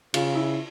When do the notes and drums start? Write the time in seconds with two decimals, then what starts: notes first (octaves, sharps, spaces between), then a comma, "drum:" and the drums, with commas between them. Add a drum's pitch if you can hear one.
0.14 C#3 F4, drum: cymbal
0.36 E4